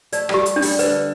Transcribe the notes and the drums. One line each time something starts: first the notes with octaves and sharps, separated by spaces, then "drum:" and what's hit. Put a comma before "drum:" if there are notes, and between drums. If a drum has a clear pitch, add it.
A3 D5, drum: hi-hat
G3 G4, drum: rim click
drum: hi-hat
D4
G3, drum: open hi-hat
D3 B4, drum: hi-hat